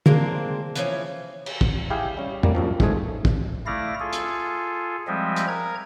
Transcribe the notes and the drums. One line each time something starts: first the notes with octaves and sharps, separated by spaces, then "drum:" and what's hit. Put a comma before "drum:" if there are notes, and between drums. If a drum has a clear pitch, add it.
G#3 A#3 C4 D4, drum: tom
E3 F3 C#4, drum: hi-hat
drum: cymbal
drum: kick
E4 G4 G#4 F5 G5
G3 C#4
G3 A#3, drum: tom
A#1 F#2 F3
G#2 C#3 G#3 A3 G#4, drum: kick
drum: kick
A3 E4 D5 F5 A#6
F4 G#4 A4
drum: hi-hat
F3 G3 G#3 C4 D#5 E5
drum: hi-hat
A#4 A#5 G#6